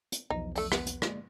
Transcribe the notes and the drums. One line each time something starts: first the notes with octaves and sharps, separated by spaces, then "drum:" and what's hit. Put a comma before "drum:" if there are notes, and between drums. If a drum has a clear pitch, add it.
drum: hi-hat
B1 E2 F3 D#4
A3 D4, drum: open hi-hat
B3, drum: rim click
drum: hi-hat
G#3 A#3 D5, drum: rim click